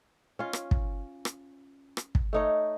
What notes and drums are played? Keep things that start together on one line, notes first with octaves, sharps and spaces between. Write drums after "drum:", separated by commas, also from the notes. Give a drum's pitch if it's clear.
C#4 F4
drum: rim click
drum: kick
drum: rim click
drum: rim click
drum: kick
A3 D#4 C#5